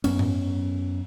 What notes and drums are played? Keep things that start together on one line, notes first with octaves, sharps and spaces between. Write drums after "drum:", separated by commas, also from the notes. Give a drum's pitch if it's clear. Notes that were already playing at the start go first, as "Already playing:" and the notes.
F#2 B3 C#4, drum: cymbal
drum: tom G#2